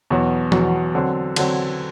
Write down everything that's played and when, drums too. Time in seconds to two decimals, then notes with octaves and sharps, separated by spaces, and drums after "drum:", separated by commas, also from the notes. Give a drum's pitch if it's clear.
0.10 E2 B2 F#3
0.52 E2 B2 F#3, drum: tom F3
0.95 D3 F#3 C4
1.36 D3 F#3 C4, drum: cymbal